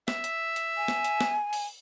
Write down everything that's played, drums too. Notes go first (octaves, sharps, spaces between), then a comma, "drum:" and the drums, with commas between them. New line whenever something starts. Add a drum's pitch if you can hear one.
E5, drum: snare
drum: hi-hat
drum: hi-hat
G#5
drum: snare
drum: hi-hat
drum: snare
drum: open hi-hat